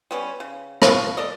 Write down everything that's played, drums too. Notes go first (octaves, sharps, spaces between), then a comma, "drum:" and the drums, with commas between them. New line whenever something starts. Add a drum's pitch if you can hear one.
G3 B3 C#4
C#3
F4 B4 C#5 F5, drum: rim click
A4 A#4 D5 D#5